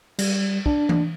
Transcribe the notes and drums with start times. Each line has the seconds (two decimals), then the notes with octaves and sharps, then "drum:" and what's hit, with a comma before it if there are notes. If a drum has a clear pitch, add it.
0.19 G3, drum: cymbal
0.66 D4, drum: kick
0.89 drum: tom E3